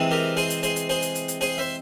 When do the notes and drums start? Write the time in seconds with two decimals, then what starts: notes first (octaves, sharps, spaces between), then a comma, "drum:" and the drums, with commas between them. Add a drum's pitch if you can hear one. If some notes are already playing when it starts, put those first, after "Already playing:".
Already playing: C3 E3 G#3 C4
0.11 G4 A#4
0.37 G#4 C5, drum: open hi-hat
0.50 drum: hi-hat
0.63 G#4 C5, drum: hi-hat
0.76 drum: hi-hat
0.89 G#4 C5, drum: open hi-hat
1.02 drum: hi-hat
1.15 drum: hi-hat
1.28 drum: hi-hat
1.41 G#4 C5, drum: open hi-hat
1.58 C5 E5